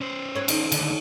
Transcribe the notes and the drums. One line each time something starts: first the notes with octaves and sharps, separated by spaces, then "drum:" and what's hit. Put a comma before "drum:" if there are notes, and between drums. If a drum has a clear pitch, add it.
C#4 C5
B4 C#5
D#3, drum: cymbal
D#2 D3, drum: cymbal